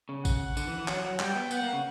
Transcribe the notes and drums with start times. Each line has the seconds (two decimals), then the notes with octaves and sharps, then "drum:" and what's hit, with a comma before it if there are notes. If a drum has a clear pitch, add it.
0.09 C#3
0.25 F#5, drum: kick A1, tambourine
0.57 D3, drum: tambourine
0.67 E3
0.78 E3
0.88 F#3, drum: clap
1.05 F#3
1.20 G3 G5, drum: clap
1.36 B3
1.51 B3 F#5, drum: tambourine
1.62 A#3
1.73 C#3